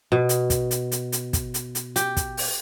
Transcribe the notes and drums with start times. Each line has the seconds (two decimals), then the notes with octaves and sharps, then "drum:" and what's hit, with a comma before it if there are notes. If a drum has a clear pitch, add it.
0.12 B2
0.29 drum: hi-hat
0.50 drum: kick, hi-hat
0.71 drum: hi-hat
0.92 drum: hi-hat
1.12 drum: hi-hat
1.33 drum: kick, hi-hat
1.54 drum: hi-hat
1.75 drum: hi-hat
1.96 G4, drum: hi-hat
2.17 drum: kick, hi-hat
2.37 drum: open hi-hat